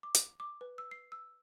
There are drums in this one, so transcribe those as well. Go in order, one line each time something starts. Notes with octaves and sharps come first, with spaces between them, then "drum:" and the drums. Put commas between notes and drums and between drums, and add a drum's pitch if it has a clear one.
D6
drum: hi-hat
D6
B4
E6
C7
E6